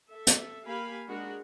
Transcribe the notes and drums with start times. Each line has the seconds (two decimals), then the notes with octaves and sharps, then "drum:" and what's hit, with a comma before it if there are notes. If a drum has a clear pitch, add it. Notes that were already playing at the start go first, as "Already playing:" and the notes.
0.11 A4 E5
0.27 drum: hi-hat
0.66 A#3 G4 F5 G#5 B5
1.08 G#3 D4 F#4 A#4